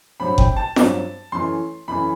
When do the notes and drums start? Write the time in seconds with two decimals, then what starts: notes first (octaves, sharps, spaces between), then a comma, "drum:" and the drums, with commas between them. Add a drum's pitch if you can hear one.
0.20 G2 F#3 C4 B5
0.38 G5, drum: kick F#1
0.56 A5
0.76 G2 F#3 C4, drum: snare F4
1.32 F#2 E3 A3 C6
1.88 F#2 E3 A3 B5